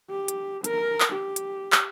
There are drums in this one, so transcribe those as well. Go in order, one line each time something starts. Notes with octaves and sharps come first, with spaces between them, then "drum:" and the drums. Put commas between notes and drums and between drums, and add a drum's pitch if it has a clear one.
G4
drum: hi-hat
A#4, drum: hi-hat
drum: clap
G4
drum: hi-hat
drum: clap